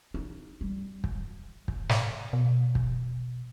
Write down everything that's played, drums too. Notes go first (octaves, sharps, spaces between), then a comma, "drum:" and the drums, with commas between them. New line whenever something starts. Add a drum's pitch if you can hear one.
D#4
G3
drum: kick
drum: kick
drum: snare
B2
drum: kick